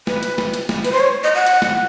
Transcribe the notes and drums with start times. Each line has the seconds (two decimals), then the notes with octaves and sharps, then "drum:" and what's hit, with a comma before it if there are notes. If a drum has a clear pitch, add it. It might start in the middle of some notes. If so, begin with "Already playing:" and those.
0.07 B4, drum: snare
0.23 drum: hi-hat
0.38 drum: snare
0.54 drum: hi-hat
0.69 drum: snare
0.85 B4, drum: hi-hat
0.92 C5
1.00 C#5
1.23 D#5
1.35 F#5
1.46 drum: hi-hat
1.62 drum: snare